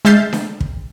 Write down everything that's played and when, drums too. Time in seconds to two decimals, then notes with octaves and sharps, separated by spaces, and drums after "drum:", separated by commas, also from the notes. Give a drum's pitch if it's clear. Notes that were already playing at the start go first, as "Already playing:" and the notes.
0.05 G#3 E5 F6 G6 A6 C7, drum: snare D4
0.33 drum: snare D4
0.60 drum: kick